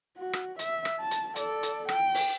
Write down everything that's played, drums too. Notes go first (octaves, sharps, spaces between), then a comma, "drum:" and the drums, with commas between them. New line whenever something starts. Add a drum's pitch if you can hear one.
F#4
drum: rim click
E5, drum: hi-hat
drum: rim click
A5
drum: hi-hat
A4 D5, drum: hi-hat
drum: hi-hat
G5, drum: rim click
drum: open hi-hat